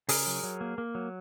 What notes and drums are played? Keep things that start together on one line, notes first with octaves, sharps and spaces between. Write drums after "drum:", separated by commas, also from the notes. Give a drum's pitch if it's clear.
C#3 G#4 A#4, drum: open hi-hat
F#3
F#3
A#3
A#3
F#3